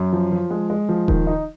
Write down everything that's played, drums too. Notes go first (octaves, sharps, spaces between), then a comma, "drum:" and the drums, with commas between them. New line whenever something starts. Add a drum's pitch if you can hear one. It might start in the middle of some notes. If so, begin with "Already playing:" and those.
Already playing: F#2
F3
F3
G#3
G#3
F3
D#3, drum: kick D#1
D#4